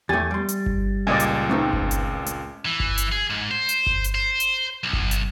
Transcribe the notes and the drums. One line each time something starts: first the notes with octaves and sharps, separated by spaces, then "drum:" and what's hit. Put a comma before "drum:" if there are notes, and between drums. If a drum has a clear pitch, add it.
E2 A3 G4 G#5 A6
G3 C6
drum: hi-hat
drum: kick G1
C#2 A#2 D5 D#5 G#5
drum: hi-hat
A3 C4 D#4 B4
drum: kick G1
drum: hi-hat
drum: hi-hat
E3
drum: kick G1
drum: hi-hat
G#4
G#2
C5
drum: hi-hat
drum: kick G1
drum: hi-hat
C5
drum: hi-hat
B1
drum: kick G1
drum: hi-hat